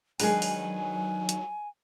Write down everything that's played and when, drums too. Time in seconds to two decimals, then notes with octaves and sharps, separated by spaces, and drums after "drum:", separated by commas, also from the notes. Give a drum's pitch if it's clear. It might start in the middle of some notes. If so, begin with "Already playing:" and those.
0.20 D#3 F#3 G#3 D4 G#4 B4 G#5, drum: open hi-hat
0.42 drum: open hi-hat
1.29 drum: hi-hat